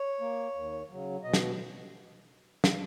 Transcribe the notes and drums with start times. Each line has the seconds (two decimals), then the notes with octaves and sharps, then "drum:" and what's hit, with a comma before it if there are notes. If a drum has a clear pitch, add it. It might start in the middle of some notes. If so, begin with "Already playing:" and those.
Already playing: C#5
0.21 A#3
0.55 D#2
0.89 C#3 F#3
1.23 B2 D#5
1.34 drum: snare
2.64 drum: snare